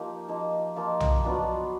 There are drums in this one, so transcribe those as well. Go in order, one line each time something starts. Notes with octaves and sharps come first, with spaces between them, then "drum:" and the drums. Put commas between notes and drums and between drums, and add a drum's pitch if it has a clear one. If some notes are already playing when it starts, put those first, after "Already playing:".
Already playing: F3 A#3 D#4 G4
F3 A#3 D#4
F3 A#3 D#4 F4
drum: tom B1
F#3 B3 D4 F4